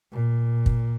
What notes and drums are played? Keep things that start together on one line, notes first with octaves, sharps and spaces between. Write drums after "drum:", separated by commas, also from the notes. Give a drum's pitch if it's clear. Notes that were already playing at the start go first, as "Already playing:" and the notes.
A#2
drum: kick